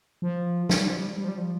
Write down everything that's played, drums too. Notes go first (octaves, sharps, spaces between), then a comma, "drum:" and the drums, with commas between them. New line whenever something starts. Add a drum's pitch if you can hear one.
F3
drum: snare
G3
F3
G3
G3
F3
G3
F3